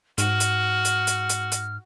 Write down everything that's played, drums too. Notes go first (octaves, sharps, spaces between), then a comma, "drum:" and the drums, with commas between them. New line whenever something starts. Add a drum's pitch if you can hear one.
G#2 F#4 F6, drum: hi-hat
drum: hi-hat
drum: hi-hat
drum: hi-hat
drum: hi-hat
drum: hi-hat